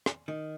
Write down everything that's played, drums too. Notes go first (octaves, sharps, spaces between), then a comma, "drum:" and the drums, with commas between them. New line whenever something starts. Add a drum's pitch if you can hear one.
drum: rim click
D#3